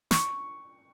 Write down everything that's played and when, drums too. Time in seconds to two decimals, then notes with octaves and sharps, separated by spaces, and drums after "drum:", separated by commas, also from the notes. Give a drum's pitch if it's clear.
0.11 C#6, drum: snare